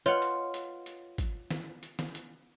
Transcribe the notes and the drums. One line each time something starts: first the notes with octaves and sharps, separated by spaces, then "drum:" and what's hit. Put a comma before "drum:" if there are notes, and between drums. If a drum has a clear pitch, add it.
F4 B4 C#5 D#5 F#5
drum: hi-hat
drum: hi-hat
drum: hi-hat
drum: kick, hi-hat
drum: snare
drum: hi-hat
drum: snare
drum: hi-hat